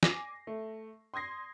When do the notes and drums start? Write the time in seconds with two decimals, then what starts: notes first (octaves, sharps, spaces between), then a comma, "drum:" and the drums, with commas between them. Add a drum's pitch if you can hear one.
0.03 G#5 D6 A#6 C7, drum: snare
0.47 A3
1.14 C6 D#6 G#6 A#6 C7